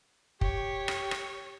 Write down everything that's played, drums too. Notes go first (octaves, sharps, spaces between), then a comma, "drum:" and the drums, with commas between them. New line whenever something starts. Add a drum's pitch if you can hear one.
G4 C#5, drum: kick
drum: rim click
drum: rim click